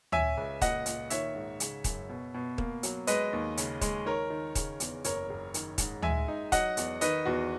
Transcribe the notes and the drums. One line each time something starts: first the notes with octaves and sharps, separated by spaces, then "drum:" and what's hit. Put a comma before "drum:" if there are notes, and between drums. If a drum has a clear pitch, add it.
C#4 E5 G#5, drum: tom D2
C#2
A#2 D#5 F#5, drum: kick D#1, hi-hat
A#2, drum: hi-hat
D#3 C#5 E5, drum: hi-hat
G#2
C#3, drum: hi-hat
F#2, drum: kick D#1, hi-hat
B2
B2
A#3, drum: kick D#1
F#3, drum: hi-hat
G#3 B4 D#5, drum: hi-hat
D#2
C#3, drum: hi-hat
G#3, drum: kick D#1, hi-hat
D#3 A#4 C#5
D#3
C#3, drum: kick D#1, hi-hat
E2, drum: hi-hat
F#1 A#4 C#5, drum: hi-hat
F#1
D#3, drum: hi-hat
G#2, drum: kick D#1, hi-hat
G#3 E5 G#5, drum: tom D2
D#4
F#3 D#5 F#5, drum: kick D#1, hi-hat
E2, drum: hi-hat
D#3 B4 D#5, drum: hi-hat
E2 F#4